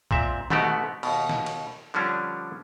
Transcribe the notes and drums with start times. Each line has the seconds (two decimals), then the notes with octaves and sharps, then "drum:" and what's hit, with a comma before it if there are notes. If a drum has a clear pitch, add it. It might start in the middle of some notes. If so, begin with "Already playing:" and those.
0.11 A#2 C4 E5, drum: kick
0.50 G#2 B2 A3 B3 F#4 G4, drum: tom D#3
1.03 D#2 B2, drum: cymbal
1.29 drum: snare
1.46 drum: cymbal
1.94 D3 F3 G3 C#4 D4